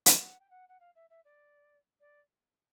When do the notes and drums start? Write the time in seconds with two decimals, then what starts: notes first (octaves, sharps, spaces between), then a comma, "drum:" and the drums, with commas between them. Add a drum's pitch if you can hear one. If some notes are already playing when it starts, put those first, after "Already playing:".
0.06 drum: hi-hat
0.19 F#5
0.40 G5
0.50 F#5
0.69 F#5
0.80 F5
0.95 E5
1.10 E5
1.25 D5
2.00 D5